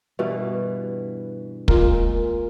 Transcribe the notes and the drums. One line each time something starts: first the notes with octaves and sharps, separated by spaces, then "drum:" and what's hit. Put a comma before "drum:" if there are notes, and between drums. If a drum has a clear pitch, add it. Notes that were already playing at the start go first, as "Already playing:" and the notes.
G2 B2 E3
A#2 G#3 A#4, drum: kick